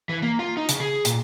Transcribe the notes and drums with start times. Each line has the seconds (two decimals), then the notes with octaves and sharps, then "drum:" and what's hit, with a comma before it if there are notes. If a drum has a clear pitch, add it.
0.09 E3
0.22 A#3
0.39 F4
0.57 D#4
0.69 C#3, drum: hi-hat
0.80 G#4
1.05 A#2, drum: hi-hat